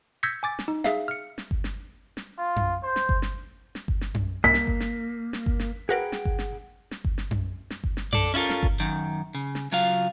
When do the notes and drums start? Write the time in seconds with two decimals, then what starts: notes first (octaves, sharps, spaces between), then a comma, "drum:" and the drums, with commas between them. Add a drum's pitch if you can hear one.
0.23 E6 G6 G#6 A#6 B6 C#7
0.43 G#5 D6 A6
0.59 drum: snare
0.68 D#4
0.84 G#4 E5 F5, drum: snare
1.08 F6 C#7
1.38 drum: snare
1.51 drum: kick G1
1.64 drum: snare
2.17 drum: snare
2.38 F4
2.56 drum: tom F#2
2.83 C5
2.96 drum: snare
3.09 drum: kick G1
3.22 drum: snare
3.75 drum: snare
3.88 drum: kick G1
4.01 drum: snare
4.15 drum: tom F#2
4.44 C2 A#3 B6
4.54 drum: snare
4.67 drum: kick G1
4.80 drum: snare
5.33 drum: snare
5.46 drum: kick G1
5.60 drum: snare
5.89 F#4 G#4 A#4 B4 F#5 G5
6.12 drum: snare
6.25 drum: kick G1
6.39 drum: snare
6.91 drum: snare
7.05 drum: kick G1
7.18 drum: snare
7.31 drum: tom F#2
7.70 drum: snare
7.84 drum: kick G1
7.97 drum: snare
8.13 A4 D5, drum: tom F#2
8.34 C#4 E4 F4 A4 A#4
8.50 drum: snare
8.63 drum: kick G1
8.80 F#2 D#3
9.35 C#3
9.55 drum: snare
9.72 C#3 F#3 F4 F5